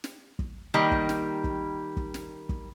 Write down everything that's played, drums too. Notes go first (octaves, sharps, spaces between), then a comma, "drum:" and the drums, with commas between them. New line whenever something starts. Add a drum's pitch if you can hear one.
drum: snare
drum: kick
D#3 G3 A#3
drum: kick
drum: snare
drum: kick
drum: kick
drum: snare
drum: kick